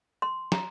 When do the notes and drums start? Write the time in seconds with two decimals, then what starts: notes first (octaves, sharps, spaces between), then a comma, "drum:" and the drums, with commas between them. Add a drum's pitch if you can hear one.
0.22 C6
0.52 A#5, drum: snare